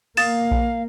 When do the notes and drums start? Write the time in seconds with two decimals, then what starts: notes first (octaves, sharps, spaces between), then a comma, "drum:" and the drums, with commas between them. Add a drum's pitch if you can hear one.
0.17 A#3 F5 D#6 A6 E7, drum: open hi-hat
0.51 drum: kick A#1